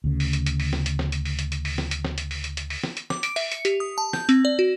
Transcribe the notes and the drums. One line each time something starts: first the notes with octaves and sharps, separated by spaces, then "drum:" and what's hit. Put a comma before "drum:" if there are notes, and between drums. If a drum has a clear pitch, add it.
D2 C#3
drum: open hi-hat
drum: hi-hat
drum: hi-hat
drum: open hi-hat
drum: snare
drum: hi-hat
drum: snare
drum: hi-hat
drum: open hi-hat
drum: hi-hat
drum: hi-hat
drum: open hi-hat
drum: snare
drum: hi-hat
drum: snare
drum: hi-hat
drum: open hi-hat
drum: hi-hat
drum: hi-hat
drum: open hi-hat
drum: snare
drum: hi-hat
D6, drum: snare
D7, drum: hi-hat
E5, drum: open hi-hat
C#7, drum: hi-hat
G4, drum: hi-hat
D#6
A5
G6, drum: snare
C4, drum: hi-hat
D5
F#4